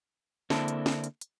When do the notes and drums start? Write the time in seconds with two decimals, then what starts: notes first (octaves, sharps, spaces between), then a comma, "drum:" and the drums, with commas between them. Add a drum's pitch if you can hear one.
0.50 D3 A#3 C4 D4 E4 A4, drum: snare
0.68 drum: hi-hat
0.86 drum: snare
1.04 drum: hi-hat
1.21 drum: hi-hat